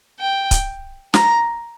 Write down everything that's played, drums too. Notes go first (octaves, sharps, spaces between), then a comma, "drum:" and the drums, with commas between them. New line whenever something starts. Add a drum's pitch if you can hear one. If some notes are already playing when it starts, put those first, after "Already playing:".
G5
drum: kick C#1, hi-hat
A#5, drum: snare